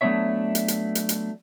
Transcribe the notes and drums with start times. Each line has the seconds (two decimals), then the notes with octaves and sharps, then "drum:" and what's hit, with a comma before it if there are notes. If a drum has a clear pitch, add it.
0.01 F#3 A3 B3 D4 C#5 E5
0.55 drum: hi-hat
0.68 drum: hi-hat
0.95 drum: hi-hat
1.09 drum: hi-hat